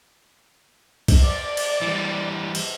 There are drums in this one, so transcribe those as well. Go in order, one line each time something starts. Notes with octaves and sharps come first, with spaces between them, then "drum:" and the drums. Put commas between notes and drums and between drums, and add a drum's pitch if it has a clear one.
drum: kick, cymbal
D5
drum: cymbal
E3 G3
drum: cymbal